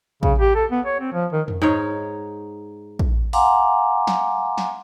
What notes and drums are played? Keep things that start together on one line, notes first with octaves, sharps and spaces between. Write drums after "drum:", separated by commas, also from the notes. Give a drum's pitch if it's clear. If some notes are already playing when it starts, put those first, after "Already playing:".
C#3, drum: kick
G4
A4
B3
C#5
C4
F3
D#3
drum: tom F2
G#2 D#4 C#5
drum: kick
F5 F#5 G#5 A#5 C6 D6, drum: open hi-hat
drum: snare
drum: snare